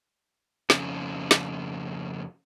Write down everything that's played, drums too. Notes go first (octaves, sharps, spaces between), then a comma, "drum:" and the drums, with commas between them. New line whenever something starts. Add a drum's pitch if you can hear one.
F2 C#3, drum: snare
drum: snare